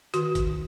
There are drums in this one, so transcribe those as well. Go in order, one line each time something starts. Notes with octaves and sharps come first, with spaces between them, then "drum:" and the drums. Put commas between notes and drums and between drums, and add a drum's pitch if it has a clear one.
D#3 F#4, drum: hi-hat
drum: kick, hi-hat